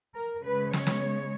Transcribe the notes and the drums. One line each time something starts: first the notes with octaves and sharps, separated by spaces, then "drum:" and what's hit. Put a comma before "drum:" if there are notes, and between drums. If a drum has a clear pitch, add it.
A#4
C#3 G#3 B4
C#5, drum: snare
drum: snare